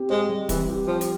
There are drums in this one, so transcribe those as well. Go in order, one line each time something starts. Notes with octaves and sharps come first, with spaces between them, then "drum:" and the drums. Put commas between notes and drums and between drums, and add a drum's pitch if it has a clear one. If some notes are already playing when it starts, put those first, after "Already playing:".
Already playing: C4 G4
G#3 C5
G3
E3 C4, drum: kick, hi-hat
G4
F3 C5
drum: hi-hat